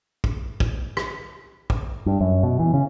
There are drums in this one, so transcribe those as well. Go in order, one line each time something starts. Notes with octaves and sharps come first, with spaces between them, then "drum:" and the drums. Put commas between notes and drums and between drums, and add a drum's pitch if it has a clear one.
drum: kick
drum: kick
drum: rim click
drum: kick
G2
F#2
B2
E3
C#3